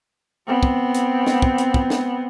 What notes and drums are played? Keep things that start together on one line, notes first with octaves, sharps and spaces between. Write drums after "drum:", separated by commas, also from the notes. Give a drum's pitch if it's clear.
B3 C4
drum: kick
drum: hi-hat
drum: snare
drum: kick
drum: hi-hat
drum: kick
drum: snare